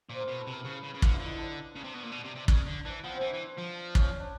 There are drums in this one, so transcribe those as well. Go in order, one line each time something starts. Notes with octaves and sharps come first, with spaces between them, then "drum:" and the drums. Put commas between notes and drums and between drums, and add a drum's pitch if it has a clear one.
A#2 C5
A#4
B2 B4
A4
C3
A#4
C#3 B4
C#3
C#3
D3 F4, drum: kick
E4
D3
D#4
D4
C#3
C3
B2
A#2
B2
C3
C3
C#3, drum: kick
D3
E3 D4
F3 B3
C4
E3
E3
F3
C#4, drum: kick
D4